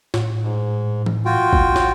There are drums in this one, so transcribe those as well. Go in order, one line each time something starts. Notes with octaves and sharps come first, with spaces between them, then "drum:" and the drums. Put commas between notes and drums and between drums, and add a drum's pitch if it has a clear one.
A2, drum: snare
G#2
drum: tom E3
F4 F#4 G5
drum: kick
drum: snare